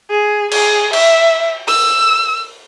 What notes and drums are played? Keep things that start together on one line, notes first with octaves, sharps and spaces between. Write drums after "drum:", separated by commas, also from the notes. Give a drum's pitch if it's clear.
G#4
G#4, drum: cymbal
E5, drum: cymbal
E6, drum: open hi-hat